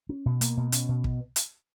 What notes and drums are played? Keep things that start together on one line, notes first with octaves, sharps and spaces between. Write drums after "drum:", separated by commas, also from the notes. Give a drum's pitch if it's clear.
C#4
B2
A#3, drum: hi-hat
B2
C#4, drum: hi-hat
B2
drum: kick
drum: hi-hat